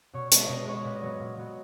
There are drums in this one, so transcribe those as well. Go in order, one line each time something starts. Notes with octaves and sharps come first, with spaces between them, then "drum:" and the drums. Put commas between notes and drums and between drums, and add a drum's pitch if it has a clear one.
B2 C#5
G#3 B3 C#5, drum: hi-hat
B2 D#5
G#3 B3 C#5
C#5
A#2 B4
D#5
F#3 B3 C#5
A#2
F#3 B3